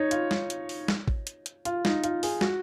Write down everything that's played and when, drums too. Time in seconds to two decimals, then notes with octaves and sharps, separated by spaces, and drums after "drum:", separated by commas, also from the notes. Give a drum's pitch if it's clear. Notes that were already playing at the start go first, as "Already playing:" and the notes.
Already playing: D#4 C#5
0.11 F4, drum: hi-hat
0.31 drum: snare
0.50 drum: hi-hat
0.69 drum: open hi-hat
0.88 drum: snare
1.08 drum: kick
1.27 drum: hi-hat
1.46 drum: hi-hat
1.65 F4, drum: hi-hat
1.85 D#4, drum: snare
2.04 F4, drum: hi-hat
2.23 G#4, drum: open hi-hat
2.41 F#4, drum: snare